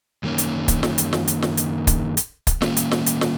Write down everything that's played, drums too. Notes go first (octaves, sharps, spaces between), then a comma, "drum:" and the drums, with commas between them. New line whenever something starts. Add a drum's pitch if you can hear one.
F#2 D#3 A#3 C#4
drum: hi-hat
drum: kick, hi-hat
drum: snare
drum: hi-hat
drum: snare
drum: hi-hat
drum: snare
drum: hi-hat
drum: kick, hi-hat
drum: hi-hat
drum: kick, hi-hat
D#3 A#3 C#4, drum: snare
drum: hi-hat
drum: snare
drum: hi-hat
drum: snare